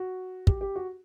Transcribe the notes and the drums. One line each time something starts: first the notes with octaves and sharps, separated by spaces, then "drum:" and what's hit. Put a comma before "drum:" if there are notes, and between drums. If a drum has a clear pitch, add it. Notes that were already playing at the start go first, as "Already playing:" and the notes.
Already playing: F#4
G4, drum: kick
G4
F#4